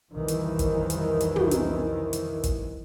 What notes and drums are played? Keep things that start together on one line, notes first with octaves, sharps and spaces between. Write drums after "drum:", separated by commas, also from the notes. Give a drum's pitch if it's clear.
C2 F2 D#3 E3
drum: hi-hat
drum: kick, hi-hat
drum: hi-hat
drum: hi-hat
drum: tom
drum: hi-hat
drum: hi-hat
drum: kick, hi-hat